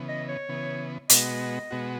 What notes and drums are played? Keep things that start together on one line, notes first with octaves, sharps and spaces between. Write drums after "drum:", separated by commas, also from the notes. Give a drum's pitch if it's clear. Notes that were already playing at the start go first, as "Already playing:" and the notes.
Already playing: C#3 E3 B3
D#5
C#5
C#3 E3 B3
B2 G#3 B3 F#4 D#5, drum: hi-hat
B2 G#3 B3 F#4